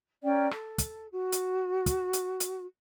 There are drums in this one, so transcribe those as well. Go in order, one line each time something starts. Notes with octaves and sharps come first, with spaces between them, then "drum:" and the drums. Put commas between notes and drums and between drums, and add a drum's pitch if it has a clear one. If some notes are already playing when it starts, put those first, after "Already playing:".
C#4 A#4 D5 G5
A4, drum: rim click
drum: kick, hi-hat
F#4
drum: hi-hat
drum: kick, hi-hat
drum: hi-hat
drum: hi-hat